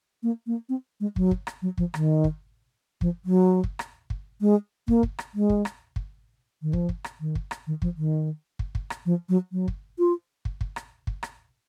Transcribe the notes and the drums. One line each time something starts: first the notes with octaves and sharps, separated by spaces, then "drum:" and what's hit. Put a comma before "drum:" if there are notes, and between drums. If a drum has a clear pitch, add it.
A#3
A#3
C4
G#3
F#3, drum: kick
drum: kick
drum: rim click
F#3
F3, drum: kick
D#3, drum: rim click
drum: kick
F3, drum: kick
F#3
drum: kick
drum: rim click
drum: kick
G#3
A#3, drum: kick
drum: kick
drum: rim click
G#3
drum: kick
drum: rim click
drum: kick
D#3
F3, drum: kick
drum: kick
drum: rim click
D#3
drum: kick
drum: rim click
D#3
F3, drum: kick
D#3
drum: kick
drum: kick
drum: rim click
F3
F#3
F#3
drum: kick
F4
drum: kick
drum: kick
drum: rim click
drum: kick
drum: rim click